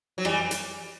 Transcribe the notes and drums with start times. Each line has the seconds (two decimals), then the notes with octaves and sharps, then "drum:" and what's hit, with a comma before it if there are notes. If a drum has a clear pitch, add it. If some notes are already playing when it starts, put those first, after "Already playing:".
0.18 F#3
0.25 E3 G3, drum: rim click
0.51 drum: hi-hat